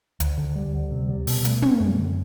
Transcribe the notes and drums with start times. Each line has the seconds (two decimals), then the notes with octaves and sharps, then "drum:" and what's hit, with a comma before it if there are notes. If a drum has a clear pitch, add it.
0.20 D2, drum: hi-hat
0.38 D3
0.56 G3
0.73 D2
0.92 C3
1.09 G3
1.27 B2, drum: open hi-hat
1.45 A3, drum: hi-hat
1.62 C4, drum: tom
1.80 F#2
1.98 D3